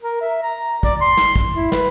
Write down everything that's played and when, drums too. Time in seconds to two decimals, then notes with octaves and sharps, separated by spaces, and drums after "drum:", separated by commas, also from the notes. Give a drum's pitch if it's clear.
0.02 A#4
0.21 E5
0.42 A#5
0.83 D5, drum: kick
1.01 C6
1.17 drum: snare
1.36 drum: kick
1.54 E4
1.72 B4, drum: snare